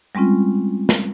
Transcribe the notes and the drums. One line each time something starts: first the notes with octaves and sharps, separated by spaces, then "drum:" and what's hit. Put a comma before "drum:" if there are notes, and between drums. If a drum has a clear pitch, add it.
G3 G#3 C4 C#4 F4
drum: snare